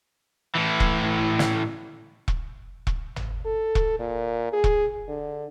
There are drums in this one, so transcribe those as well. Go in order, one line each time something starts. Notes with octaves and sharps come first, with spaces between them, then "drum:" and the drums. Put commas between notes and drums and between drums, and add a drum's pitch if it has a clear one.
A2 E3
drum: kick E1
drum: snare
drum: kick E1
drum: kick E1
drum: tom
A4
drum: kick E1
A#2
G#4
drum: kick E1
D3